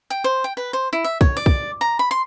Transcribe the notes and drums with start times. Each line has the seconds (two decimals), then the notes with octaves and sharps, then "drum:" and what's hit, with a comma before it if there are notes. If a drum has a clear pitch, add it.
0.10 G5
0.24 C5
0.44 G5
0.57 B4
0.73 C5
0.93 E4
1.04 E5
1.21 C#5, drum: kick
1.37 D5
1.46 drum: kick
1.81 A#5
1.99 B5
2.11 C6